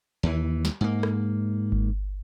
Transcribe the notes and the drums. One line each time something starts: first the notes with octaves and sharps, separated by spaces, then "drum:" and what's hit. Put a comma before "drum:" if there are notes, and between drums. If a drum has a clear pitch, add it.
D#2 E3
drum: snare
G#2 A#3
drum: rim click
drum: kick G1